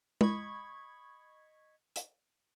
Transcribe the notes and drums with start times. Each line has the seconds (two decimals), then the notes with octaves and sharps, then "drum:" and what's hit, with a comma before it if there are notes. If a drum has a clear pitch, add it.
0.21 D#5 B5 C#6 G#6, drum: tom
1.96 drum: hi-hat